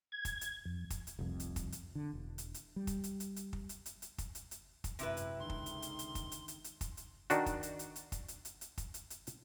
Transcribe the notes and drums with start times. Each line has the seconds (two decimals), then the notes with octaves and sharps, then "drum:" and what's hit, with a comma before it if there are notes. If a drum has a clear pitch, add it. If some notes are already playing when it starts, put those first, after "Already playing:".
0.12 G#6
0.25 drum: kick, hi-hat
0.41 drum: hi-hat
0.65 F2
0.90 drum: kick, hi-hat
1.07 drum: hi-hat
1.19 F1 C2 F2
1.40 drum: hi-hat
1.56 drum: kick, hi-hat
1.72 drum: hi-hat
1.95 D3
2.13 E1
2.38 drum: hi-hat
2.54 drum: hi-hat
2.76 G3
2.87 drum: kick, hi-hat
3.04 drum: hi-hat
3.20 drum: hi-hat
3.36 drum: hi-hat
3.53 drum: kick
3.69 drum: hi-hat
3.86 drum: hi-hat
4.02 drum: hi-hat
4.18 drum: kick, hi-hat
4.35 drum: hi-hat
4.51 drum: hi-hat
4.84 drum: kick, hi-hat
4.99 G#1 F#2 C3 E4 B4, drum: hi-hat
5.17 drum: hi-hat
5.40 C#2 D3 D#3 C6
5.50 drum: kick
5.66 drum: hi-hat
5.82 drum: hi-hat
5.99 drum: hi-hat
6.15 drum: kick, hi-hat
6.32 drum: hi-hat
6.48 drum: hi-hat
6.64 drum: hi-hat
6.81 drum: kick, hi-hat
6.97 drum: hi-hat
7.30 D#3 D4 F#4, drum: hi-hat
7.46 drum: kick, hi-hat
7.63 drum: hi-hat
7.79 drum: hi-hat
7.96 drum: hi-hat
8.12 drum: kick, hi-hat
8.28 drum: hi-hat
8.45 drum: hi-hat
8.61 drum: hi-hat
8.78 drum: kick, hi-hat
8.94 drum: hi-hat
9.10 drum: hi-hat
9.27 drum: hi-hat